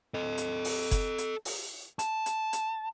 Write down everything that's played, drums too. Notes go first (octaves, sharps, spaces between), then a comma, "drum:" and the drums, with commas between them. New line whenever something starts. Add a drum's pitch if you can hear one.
A4 D#5
drum: hi-hat
drum: open hi-hat
drum: kick F#1, hi-hat
drum: hi-hat
drum: open hi-hat
A5, drum: hi-hat
drum: hi-hat
drum: hi-hat